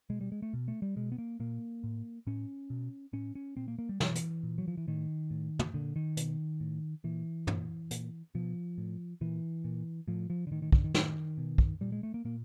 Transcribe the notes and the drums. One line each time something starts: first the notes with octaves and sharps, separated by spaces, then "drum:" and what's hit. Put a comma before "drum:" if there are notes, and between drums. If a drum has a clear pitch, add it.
B2 G#3
G3
G#3
A3
B2
A3
G3
B2 G#3
B3
A#3
A#2 A#3
A2
A2 C#4
B2
A2 C#4
C#4
A#2 C4
A#3
A#3
G3
B2 E3, drum: snare
drum: hi-hat
A#2
F#3
F3
E3
A2 D#3
A2
drum: tom
A#2 D3
D#3
B2, drum: hi-hat
A2
A#2 E3
A#2, drum: tom
A#2, drum: hi-hat
B2 F3
A2
A#2 E3
A#2
A2 F3
F3
D3
A2 D#3
D#3
D3, drum: kick
D#3
A2 D#3, drum: snare
B2
drum: kick
A#2 G3
G#3
A3
A#3
A#2 A#3